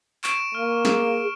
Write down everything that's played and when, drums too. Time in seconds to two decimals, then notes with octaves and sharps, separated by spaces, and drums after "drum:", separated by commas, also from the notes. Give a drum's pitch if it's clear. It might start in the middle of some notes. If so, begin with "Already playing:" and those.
0.24 C#6 D7 E7, drum: clap
0.55 A#3 F6
0.85 G#4, drum: snare